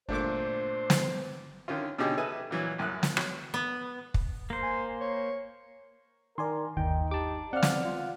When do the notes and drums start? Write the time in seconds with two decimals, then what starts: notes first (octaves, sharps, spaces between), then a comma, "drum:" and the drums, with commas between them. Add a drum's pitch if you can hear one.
0.09 G1 A#2 A3 D4 C5 D6
0.90 drum: snare
1.68 D3 D#3 C#4 F4
1.98 B2 D3 C#4 D#4 G4 G#4
2.18 G#4 A4 B4 D#5 E5 G#5
2.51 A#2 E3 F#3
2.78 A1 F#2 D#6 F#6
3.03 drum: snare
3.17 F#3, drum: rim click
3.54 B3
4.14 drum: kick
4.50 A#3 C5
4.63 G#5
5.00 C#5
6.38 D#3 A#4 D5 G#5 C6
6.77 G1 D#2 D#3 D#4 G5
7.11 G4 A5 D6
7.53 C4 D5 F5 F#5 F6
7.63 drum: snare
7.84 F4